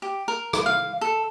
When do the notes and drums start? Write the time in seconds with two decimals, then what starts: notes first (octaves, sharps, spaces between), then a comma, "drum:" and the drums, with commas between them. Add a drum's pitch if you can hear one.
0.02 G4
0.28 A#4
0.53 drum: rim click
0.66 F5
1.01 A4